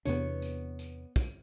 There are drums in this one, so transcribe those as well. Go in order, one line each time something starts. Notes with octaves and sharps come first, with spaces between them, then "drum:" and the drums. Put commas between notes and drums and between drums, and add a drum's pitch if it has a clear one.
E2 C3 B3 D4 C#5, drum: tambourine
drum: tambourine
drum: tambourine
drum: kick, tambourine